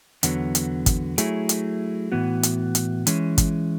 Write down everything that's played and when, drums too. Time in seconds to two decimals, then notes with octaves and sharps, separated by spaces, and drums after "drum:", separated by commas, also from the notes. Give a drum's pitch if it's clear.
0.23 E2 D3 F#3 B3, drum: hi-hat
0.55 drum: hi-hat
0.86 drum: kick, hi-hat
1.18 F#3 A3 E4 G#4, drum: hi-hat
1.49 drum: hi-hat
2.12 A2 E3 B3 F#4
2.43 drum: hi-hat
2.75 drum: hi-hat
3.07 E3 G#3 C#4, drum: hi-hat
3.38 drum: kick, hi-hat